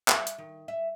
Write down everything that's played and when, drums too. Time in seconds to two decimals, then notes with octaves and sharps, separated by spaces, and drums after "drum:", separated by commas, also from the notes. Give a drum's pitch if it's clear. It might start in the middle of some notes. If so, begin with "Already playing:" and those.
0.08 E5, drum: clap
0.27 drum: hi-hat
0.38 D#3
0.68 E5